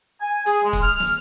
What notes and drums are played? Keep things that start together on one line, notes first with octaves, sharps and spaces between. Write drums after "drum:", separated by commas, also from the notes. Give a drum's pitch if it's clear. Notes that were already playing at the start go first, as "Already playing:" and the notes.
G#5
G#4, drum: hi-hat
G#3
drum: kick C#1, hi-hat
F6
drum: snare